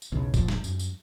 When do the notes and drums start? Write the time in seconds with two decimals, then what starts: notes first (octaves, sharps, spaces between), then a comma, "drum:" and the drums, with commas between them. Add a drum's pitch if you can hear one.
0.02 drum: tambourine
0.12 B1 E2 C#3
0.34 F1 A#1 A#2 F3, drum: kick A1, tambourine
0.48 drum: snare
0.64 F#2, drum: tambourine
0.79 drum: tambourine